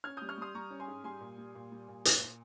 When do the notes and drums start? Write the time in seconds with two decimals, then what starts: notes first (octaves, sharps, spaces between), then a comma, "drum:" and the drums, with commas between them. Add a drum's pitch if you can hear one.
0.04 C#4 F6 G#6
0.17 G3 D#6 G6
0.29 C#6 F6
0.38 G3 C6 D#6
0.55 G3 A#5 C#6
0.71 C#4
0.80 G#5 C6
0.88 G#2
1.04 G3 G#5 C6
1.21 A#2
1.38 G3
1.55 A#2
1.72 G3
1.88 A#2
2.05 A#2, drum: hi-hat